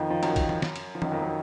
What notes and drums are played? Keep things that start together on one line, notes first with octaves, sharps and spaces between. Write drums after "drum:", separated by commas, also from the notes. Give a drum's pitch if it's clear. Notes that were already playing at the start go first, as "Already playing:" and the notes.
Already playing: F2 D#3 F3
F3
F#2 F#3, drum: cymbal
drum: kick, cymbal
drum: tom
drum: snare
drum: cymbal
F3
F#2 D#3 F#3, drum: tom
F2 F3
F#3